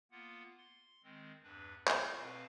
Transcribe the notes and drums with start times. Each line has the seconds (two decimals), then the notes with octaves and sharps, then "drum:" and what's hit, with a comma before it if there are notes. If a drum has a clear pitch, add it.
0.12 A#3 B3 F4 F#5
0.58 C6
1.04 D#3 G#3 C4
1.43 E2 G2 D4 B4
1.87 F4 D#5, drum: clap
2.17 B2 C4 B4 F5 A5 A#6